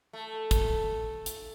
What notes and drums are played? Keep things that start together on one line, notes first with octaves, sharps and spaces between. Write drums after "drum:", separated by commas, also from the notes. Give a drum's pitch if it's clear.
A3
drum: kick, hi-hat
drum: hi-hat